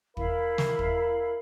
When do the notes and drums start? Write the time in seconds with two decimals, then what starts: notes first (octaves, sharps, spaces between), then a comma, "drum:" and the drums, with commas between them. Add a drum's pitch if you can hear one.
0.17 E4 A#4 F5 B5, drum: kick
0.58 drum: snare
0.79 drum: kick